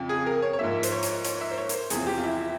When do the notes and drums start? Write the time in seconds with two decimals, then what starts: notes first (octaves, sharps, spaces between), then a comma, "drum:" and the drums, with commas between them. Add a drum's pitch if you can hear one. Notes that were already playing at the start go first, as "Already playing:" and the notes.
Already playing: F2 C#3 F3
0.09 G#4
0.26 A#4
0.42 C#5
0.53 C#5
0.59 G#2 F3 A#3 E5
0.83 C5, drum: hi-hat
0.92 C#5
1.03 drum: hi-hat
1.25 C#5, drum: hi-hat
1.41 E5
1.51 C5
1.58 C#5
1.69 A#4, drum: hi-hat
1.74 C5
1.90 E2 C3 F3 G#4, drum: hi-hat
2.07 G4
2.18 F4
2.24 E4
2.40 E4